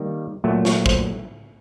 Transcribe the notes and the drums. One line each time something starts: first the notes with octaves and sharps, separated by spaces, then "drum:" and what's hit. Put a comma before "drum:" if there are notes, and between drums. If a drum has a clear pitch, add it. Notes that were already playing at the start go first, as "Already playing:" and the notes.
Already playing: D#3 G3 A#3
A#2 F#3 A3
C#5, drum: snare
C5, drum: kick